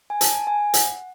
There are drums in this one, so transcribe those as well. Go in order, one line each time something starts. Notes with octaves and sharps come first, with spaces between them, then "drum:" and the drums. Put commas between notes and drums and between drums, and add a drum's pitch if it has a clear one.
G#5
A5, drum: hi-hat
G#5
F#5, drum: hi-hat